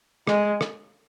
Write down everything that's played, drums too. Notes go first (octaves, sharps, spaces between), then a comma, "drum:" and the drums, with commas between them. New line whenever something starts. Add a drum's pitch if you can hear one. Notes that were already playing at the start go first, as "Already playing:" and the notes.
G#3, drum: rim click
drum: rim click